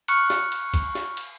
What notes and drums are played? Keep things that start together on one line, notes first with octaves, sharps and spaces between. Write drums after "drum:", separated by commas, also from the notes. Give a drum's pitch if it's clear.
B5 C#6 F6 F#6 C#7, drum: cymbal
drum: snare
drum: cymbal
drum: kick, cymbal
drum: snare
drum: cymbal